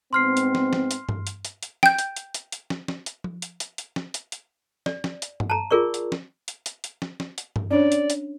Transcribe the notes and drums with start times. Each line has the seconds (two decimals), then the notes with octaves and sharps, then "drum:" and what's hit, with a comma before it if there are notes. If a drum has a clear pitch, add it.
0.13 G#2 B3 C4 C6 F6 C7
0.37 drum: hi-hat
0.55 drum: snare
0.73 drum: snare
0.91 drum: hi-hat
1.09 drum: tom G2
1.27 drum: hi-hat
1.45 drum: hi-hat
1.63 drum: hi-hat
1.83 G5 G6, drum: snare
1.98 drum: hi-hat
2.16 drum: hi-hat
2.34 drum: hi-hat
2.52 drum: hi-hat
2.70 drum: snare
2.88 drum: snare
3.06 drum: hi-hat
3.24 drum: tom F3
3.42 drum: hi-hat
3.60 drum: hi-hat
3.78 drum: hi-hat
3.96 drum: snare
4.14 drum: hi-hat
4.32 drum: hi-hat
4.86 D5, drum: snare
5.04 drum: snare
5.22 drum: hi-hat
5.40 drum: tom G2
5.50 A5 A#5
5.71 F4 G#4 A#4 D5 C#6
5.94 drum: hi-hat
6.12 drum: snare
6.48 drum: hi-hat
6.66 drum: hi-hat
6.84 drum: hi-hat
7.02 drum: snare
7.20 drum: snare
7.38 drum: hi-hat
7.56 drum: tom G2
7.71 C#4 D4 C#5 D5
7.92 drum: hi-hat
8.10 drum: hi-hat